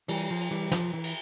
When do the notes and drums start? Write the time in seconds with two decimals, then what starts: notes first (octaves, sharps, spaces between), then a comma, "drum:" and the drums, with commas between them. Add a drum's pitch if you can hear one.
0.08 E3 G3, drum: cymbal
0.31 F3
0.40 drum: cymbal
0.51 E3 G3
0.72 F3, drum: snare
0.94 E3
1.04 drum: cymbal